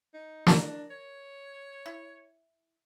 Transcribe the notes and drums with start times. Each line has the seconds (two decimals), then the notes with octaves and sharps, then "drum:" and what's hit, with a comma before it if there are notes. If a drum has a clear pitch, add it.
0.14 D#4
0.47 D4 A#4 A#5, drum: snare
0.91 C#5
1.86 E4